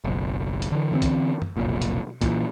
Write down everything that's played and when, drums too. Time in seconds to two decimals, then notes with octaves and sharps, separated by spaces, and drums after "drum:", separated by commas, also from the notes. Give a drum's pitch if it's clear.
0.04 F#1 B1
0.62 drum: hi-hat
0.72 D3 E3
0.92 D3 E3 G3 C4
1.02 drum: kick, hi-hat
1.42 drum: tom
1.57 F1 B1 A#2
1.82 drum: hi-hat
2.21 A#2 E3, drum: kick, hi-hat